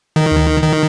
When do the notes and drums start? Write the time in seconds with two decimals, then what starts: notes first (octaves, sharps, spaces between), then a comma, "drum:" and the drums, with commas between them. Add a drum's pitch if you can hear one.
0.16 D#3
0.32 drum: tom D2
0.63 D#3